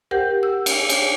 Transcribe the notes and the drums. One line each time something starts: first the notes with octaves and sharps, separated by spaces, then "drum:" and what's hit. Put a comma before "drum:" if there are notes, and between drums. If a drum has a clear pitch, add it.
G4 A#4 C5 F#5 G5 G6
E6
drum: cymbal
drum: cymbal